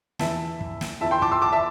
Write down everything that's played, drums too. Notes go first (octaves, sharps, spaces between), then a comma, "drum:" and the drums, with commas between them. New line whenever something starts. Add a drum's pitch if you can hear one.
E2 E3 E5 A5, drum: snare
drum: kick
drum: snare
E2 E3 E5 A5
G5 C6
A5 D6, drum: kick
C6 E6
A5 D6
E5 A5